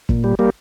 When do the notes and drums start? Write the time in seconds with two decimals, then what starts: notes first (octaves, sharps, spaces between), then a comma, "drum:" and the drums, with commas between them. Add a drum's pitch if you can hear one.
0.09 A#2, drum: kick
0.24 G3
0.39 G3 A#3